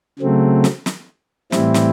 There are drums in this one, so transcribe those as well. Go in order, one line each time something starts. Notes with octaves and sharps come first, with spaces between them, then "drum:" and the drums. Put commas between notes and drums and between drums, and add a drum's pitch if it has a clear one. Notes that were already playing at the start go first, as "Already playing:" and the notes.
C#3 F#3 A3 C4
drum: snare
drum: snare
A2 E3 G3 C4 E4, drum: snare
drum: snare